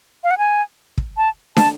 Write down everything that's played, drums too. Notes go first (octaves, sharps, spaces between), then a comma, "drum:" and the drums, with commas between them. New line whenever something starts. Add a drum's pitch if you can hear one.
F5
F#5
G#5
drum: kick
A5
A5, drum: snare